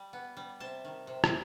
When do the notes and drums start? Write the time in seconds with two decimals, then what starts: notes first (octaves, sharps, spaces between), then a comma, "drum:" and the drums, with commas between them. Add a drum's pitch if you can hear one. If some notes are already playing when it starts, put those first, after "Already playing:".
Already playing: G3
0.13 B3
0.37 G3
0.60 C3 A5
0.85 D#3
1.07 C3
1.24 drum: rim click